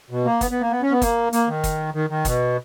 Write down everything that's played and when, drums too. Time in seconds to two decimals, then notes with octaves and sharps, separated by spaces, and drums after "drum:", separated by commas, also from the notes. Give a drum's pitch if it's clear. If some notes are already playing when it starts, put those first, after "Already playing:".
0.11 B2
0.25 A#3
0.41 B3, drum: kick, hi-hat
0.51 B3
0.61 A#3
0.71 B3
0.82 C#4
0.91 B3
1.02 A#3, drum: kick, hi-hat
1.33 A#3, drum: hi-hat
1.48 D#3
1.64 drum: kick, hi-hat
1.94 D#3
2.10 D#3
2.25 B2, drum: kick, hi-hat